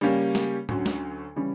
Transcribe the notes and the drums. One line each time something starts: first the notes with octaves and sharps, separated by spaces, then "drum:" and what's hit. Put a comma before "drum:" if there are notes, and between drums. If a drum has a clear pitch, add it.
C#3 G3 A#3 C#4 G4
drum: snare
D2 D3 F#3 C#4, drum: tom
drum: snare
C#3 E3 G3 C#4